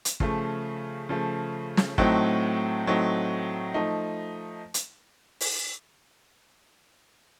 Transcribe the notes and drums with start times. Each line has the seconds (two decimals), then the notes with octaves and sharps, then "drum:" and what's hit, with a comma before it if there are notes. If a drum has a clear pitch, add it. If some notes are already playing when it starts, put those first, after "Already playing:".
0.05 drum: hi-hat
0.20 C#3 F3 A3, drum: kick
1.09 C#3 F3 A3
1.77 drum: snare
1.98 A2 F#3 A3 C4 D#4, drum: kick
2.86 A2 F#3 A3 C4 D#4
3.74 F3 A3 D#4
4.74 drum: hi-hat
5.40 drum: open hi-hat